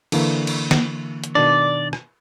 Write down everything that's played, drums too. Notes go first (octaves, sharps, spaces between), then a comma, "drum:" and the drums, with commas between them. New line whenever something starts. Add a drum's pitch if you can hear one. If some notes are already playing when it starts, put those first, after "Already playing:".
D3 E3 A#3, drum: cymbal
drum: cymbal
drum: snare
drum: hi-hat
B2 D#3 D4 D5
drum: rim click